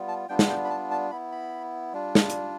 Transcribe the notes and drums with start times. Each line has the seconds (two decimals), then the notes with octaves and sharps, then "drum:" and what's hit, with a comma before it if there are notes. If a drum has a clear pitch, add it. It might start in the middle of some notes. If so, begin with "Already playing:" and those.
Already playing: G3 B3 F4
0.08 A5
0.29 G3 B3 D4 F4 G5
0.39 drum: snare
0.49 G5
0.65 B5
0.70 A5
0.91 A5
1.11 B3 E4 B5
1.32 B5
1.93 G3 D4 F4
2.15 drum: snare
2.30 drum: hi-hat